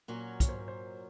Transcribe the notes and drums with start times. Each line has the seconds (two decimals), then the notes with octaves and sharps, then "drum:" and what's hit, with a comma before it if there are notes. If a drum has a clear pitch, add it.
0.08 A#2 F#3 C#4 F#4
0.40 C#5, drum: kick, hi-hat
0.49 C5
0.58 A#4
0.68 C5